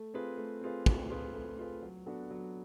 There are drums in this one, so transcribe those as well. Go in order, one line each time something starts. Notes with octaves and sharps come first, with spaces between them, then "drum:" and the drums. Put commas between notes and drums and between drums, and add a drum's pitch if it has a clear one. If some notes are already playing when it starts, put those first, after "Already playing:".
Already playing: A3
C4 F4 G#4 B4
A3
C4 F4 G#4 B4
A3, drum: kick
C4 F4 G#4 B4
A3
C4 F4 G#4 B4
F#3
B3 D4 F#4 A4
F#3